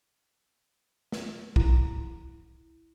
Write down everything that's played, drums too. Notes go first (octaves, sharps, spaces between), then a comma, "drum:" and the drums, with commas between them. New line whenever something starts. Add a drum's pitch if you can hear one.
drum: snare
E4, drum: kick